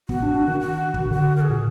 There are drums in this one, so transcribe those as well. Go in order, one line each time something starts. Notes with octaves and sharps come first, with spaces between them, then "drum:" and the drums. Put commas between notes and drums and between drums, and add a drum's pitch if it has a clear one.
B3 F#4, drum: kick
D4
D4
D#3
F#4
drum: kick
D3 F#4
A#4
G#4
A#2